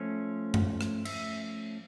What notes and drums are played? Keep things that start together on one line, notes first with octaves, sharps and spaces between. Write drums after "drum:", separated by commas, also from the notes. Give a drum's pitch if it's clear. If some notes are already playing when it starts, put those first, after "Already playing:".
Already playing: F3 A3 C#4
drum: tom F#2
drum: rim click
E5, drum: cymbal